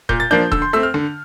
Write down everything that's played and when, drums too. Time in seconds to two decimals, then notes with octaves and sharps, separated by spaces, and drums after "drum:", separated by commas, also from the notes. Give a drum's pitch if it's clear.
0.09 A#2 G6, drum: kick D#1
0.20 A6
0.31 F3 A#3 D4 G6
0.52 D3 E6, drum: kick D#1
0.62 C6
0.73 A3 C4 E6
0.83 F6
0.94 D3